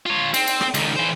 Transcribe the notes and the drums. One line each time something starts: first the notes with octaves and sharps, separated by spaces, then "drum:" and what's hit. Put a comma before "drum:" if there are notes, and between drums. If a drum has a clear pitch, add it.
F4 C#5
C4, drum: cymbal
drum: cymbal
drum: rim click
C#2 D#3, drum: cymbal
E3 C5